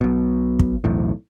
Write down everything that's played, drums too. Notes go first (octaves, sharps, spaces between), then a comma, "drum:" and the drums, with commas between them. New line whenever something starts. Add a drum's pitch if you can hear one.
B1 B2
drum: kick
B1 E2 A2